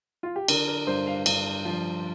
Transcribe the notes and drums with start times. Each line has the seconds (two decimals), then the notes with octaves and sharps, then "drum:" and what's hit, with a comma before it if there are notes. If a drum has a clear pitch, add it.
0.23 F4
0.36 G4
0.48 D3 A#4, drum: cymbal
0.68 A#4
0.87 G2 C5
1.07 F5
1.26 G2, drum: cymbal
1.65 F3